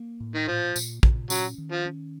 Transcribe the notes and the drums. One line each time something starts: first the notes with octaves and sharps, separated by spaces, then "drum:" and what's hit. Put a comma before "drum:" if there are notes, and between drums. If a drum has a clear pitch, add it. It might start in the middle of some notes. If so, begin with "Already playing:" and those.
Already playing: A#3
A2
D#3
A#2 F3
A#2, drum: tambourine
A#2, drum: kick
F#3 C#4, drum: tambourine
D#3
F3
C#4